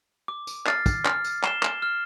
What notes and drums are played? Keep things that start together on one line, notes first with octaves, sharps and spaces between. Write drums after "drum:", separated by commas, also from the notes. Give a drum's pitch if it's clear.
D6
drum: tambourine
F6 A6 C7, drum: clap
drum: kick, tambourine
F6, drum: clap
drum: tambourine
C7 E7 G7, drum: clap
drum: clap
F6